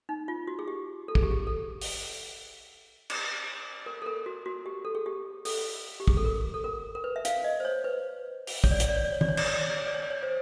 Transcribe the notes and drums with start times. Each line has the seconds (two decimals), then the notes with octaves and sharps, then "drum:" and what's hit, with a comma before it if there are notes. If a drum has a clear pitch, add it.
0.09 D#4
0.28 F4
0.47 F#4
0.59 G#4
0.68 G4
1.08 A4
1.15 G#4, drum: kick
1.23 G4
1.31 G#4
1.47 A4
1.81 drum: open hi-hat
3.10 drum: cymbal
3.86 A#4
4.02 A4
4.06 A#4
4.26 F#4
4.46 F#4
4.66 G4
4.85 A4
4.95 G#4
5.06 G4
5.45 A4, drum: open hi-hat
6.00 G4
6.08 G#4, drum: kick
6.17 A4
6.25 A#4
6.54 A4
6.64 A#4
6.95 A#4
7.04 B4
7.16 E5
7.25 F5, drum: hi-hat
7.44 D#5
7.60 C5
7.65 C#5
7.84 B4
8.47 drum: open hi-hat
8.64 C#5, drum: kick
8.71 D5
8.80 C#5, drum: hi-hat
8.89 D5
8.96 C#5
9.05 D5
9.13 C#5
9.21 D5, drum: tom
9.28 C#5
9.37 D5, drum: cymbal
9.46 C#5
9.53 D5
9.61 C#5
9.70 D5
9.78 C#5
9.87 D5
9.94 C#5
10.03 D5
10.10 C#5
10.23 C5